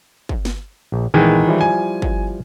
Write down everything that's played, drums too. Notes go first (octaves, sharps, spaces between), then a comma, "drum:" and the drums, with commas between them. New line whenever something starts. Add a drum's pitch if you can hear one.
drum: kick G1
drum: snare
A#1
A#1 D#3 E3 G#3 B3
F3 G3 E4
G#5
drum: kick G1